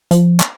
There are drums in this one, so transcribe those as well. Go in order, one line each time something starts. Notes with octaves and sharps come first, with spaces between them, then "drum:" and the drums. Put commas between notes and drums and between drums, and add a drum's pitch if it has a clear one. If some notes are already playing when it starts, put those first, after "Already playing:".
F3, drum: hi-hat
drum: clap